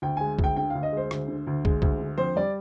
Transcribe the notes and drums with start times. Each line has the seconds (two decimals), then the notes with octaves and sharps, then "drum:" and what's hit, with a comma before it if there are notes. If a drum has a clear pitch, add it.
0.02 D2 G5
0.17 G#3 G#5
0.39 D2, drum: kick
0.44 G5
0.56 D3 G5
0.70 D2 F5
0.83 D#5
0.92 G#3 C5
1.11 D2, drum: rim click
1.28 D3
1.47 D2
1.65 G#3, drum: kick
1.82 D2, drum: kick
2.00 D3
2.18 F2 C5
2.36 G3 D5